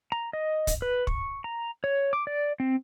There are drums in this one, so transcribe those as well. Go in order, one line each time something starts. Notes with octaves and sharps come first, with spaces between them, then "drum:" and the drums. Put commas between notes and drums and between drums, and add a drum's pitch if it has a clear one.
A#5
D#5
drum: kick, hi-hat
B4
C#6, drum: kick
A#5
C#5
D6
D5
C4